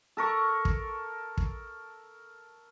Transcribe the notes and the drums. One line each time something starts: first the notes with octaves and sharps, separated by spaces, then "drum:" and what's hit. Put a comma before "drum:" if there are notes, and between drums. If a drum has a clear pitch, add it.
A4 A#4 C#6
drum: kick
drum: kick